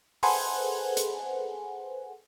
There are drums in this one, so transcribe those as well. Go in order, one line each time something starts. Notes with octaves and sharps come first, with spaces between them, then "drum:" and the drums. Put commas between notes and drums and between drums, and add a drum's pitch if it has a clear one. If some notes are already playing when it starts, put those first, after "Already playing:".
G#4 A4 B4 C5 F#5 G#5, drum: open hi-hat
drum: hi-hat